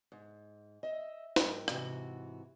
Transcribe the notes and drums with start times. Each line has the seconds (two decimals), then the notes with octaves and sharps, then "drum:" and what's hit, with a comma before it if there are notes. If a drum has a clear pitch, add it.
0.12 G#2
0.83 D#5 E5
1.36 G#2 F#3 A#4 G5, drum: snare
1.68 G#2 C3 E3 F#4, drum: rim click